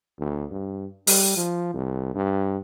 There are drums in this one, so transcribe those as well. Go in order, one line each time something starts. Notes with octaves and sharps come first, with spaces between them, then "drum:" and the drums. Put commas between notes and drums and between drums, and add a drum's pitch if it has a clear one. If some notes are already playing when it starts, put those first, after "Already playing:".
D2
G2
G3, drum: open hi-hat
F3
C2
G2